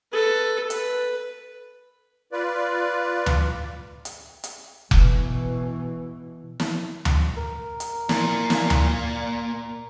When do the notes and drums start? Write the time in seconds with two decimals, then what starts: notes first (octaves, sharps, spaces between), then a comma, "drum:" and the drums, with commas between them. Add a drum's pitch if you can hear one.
0.12 A4 B4
0.70 B4, drum: hi-hat
2.32 F4 B4 D5
3.26 drum: tom D2
4.05 drum: hi-hat
4.44 drum: hi-hat
4.91 B2 E3, drum: kick F1
6.60 drum: snare
7.05 drum: tom D2
7.37 A#4
7.80 drum: hi-hat
8.09 A#2, drum: snare
8.50 drum: snare
8.70 drum: tom D2